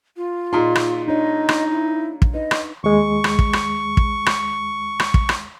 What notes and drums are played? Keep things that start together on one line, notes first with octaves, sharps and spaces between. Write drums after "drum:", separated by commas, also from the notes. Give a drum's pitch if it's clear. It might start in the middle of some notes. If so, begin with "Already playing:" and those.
F4
A#2 D#4 G#4 C6
drum: rim click
D4 D#4 C#5 D#5
drum: rim click
E4
drum: kick
D#4 B4 D#5
drum: rim click
D#2 G#3 C#6
drum: rim click
drum: kick
drum: rim click
drum: kick
drum: rim click
drum: rim click
drum: kick
drum: rim click